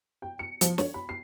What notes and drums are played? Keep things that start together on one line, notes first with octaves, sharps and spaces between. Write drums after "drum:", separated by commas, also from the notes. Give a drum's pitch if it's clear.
G5
C#7
F3, drum: hi-hat
C#5, drum: snare
B5
C7